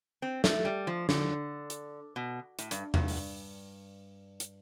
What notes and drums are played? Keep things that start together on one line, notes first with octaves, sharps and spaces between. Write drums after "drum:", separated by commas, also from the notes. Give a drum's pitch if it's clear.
C4
A3, drum: snare
G3
F3
D3, drum: snare
drum: hi-hat
B2
A2, drum: hi-hat
G2, drum: hi-hat
G2, drum: tom E2
drum: open hi-hat
drum: hi-hat